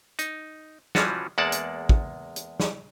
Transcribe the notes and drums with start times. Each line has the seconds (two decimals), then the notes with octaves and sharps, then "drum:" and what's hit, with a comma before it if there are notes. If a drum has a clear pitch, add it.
0.19 D#4, drum: hi-hat
0.95 E3 F3 G3 C#4 F4 F#4, drum: snare
1.38 E2 G#3 A#3 D5 F#5 A5
1.52 drum: hi-hat
1.89 drum: kick
2.36 drum: hi-hat
2.60 drum: snare